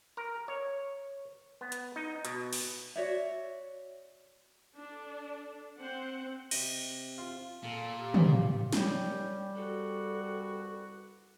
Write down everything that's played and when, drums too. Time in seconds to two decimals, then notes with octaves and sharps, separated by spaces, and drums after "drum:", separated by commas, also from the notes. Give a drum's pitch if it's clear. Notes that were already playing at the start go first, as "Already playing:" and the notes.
0.17 A#4
0.48 C#5
1.61 B3
1.72 drum: hi-hat
1.96 D#4
2.25 B2, drum: hi-hat
2.53 drum: open hi-hat
2.96 F#4 C#5 D5 E5
4.75 D4 A4
5.79 C4 C5 F#5
6.51 C3 D#5, drum: cymbal
7.18 F4
7.63 A#2 A4 F5
8.01 G4
8.14 drum: tom
8.73 D#2 G3 C#4 G5, drum: snare
9.55 C2 G2 F#4 A4